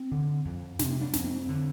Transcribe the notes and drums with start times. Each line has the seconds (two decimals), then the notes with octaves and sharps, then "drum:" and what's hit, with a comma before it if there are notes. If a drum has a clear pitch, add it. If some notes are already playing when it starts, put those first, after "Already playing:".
Already playing: C4
0.11 D3
0.45 F2
0.79 C3, drum: snare
1.01 D4
1.13 F2 C4, drum: snare
1.49 D3